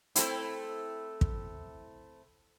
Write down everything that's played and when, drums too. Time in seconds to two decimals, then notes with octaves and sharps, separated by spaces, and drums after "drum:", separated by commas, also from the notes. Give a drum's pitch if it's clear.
0.15 A3 C4 E4, drum: hi-hat
1.21 drum: kick